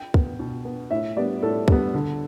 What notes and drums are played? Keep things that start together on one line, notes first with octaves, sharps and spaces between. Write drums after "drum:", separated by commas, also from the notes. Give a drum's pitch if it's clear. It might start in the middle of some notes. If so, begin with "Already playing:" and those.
Already playing: G5
B3, drum: kick
B2
B3
A2 E5
G3 B3 D5
A2 A4
G3 B3, drum: kick
D3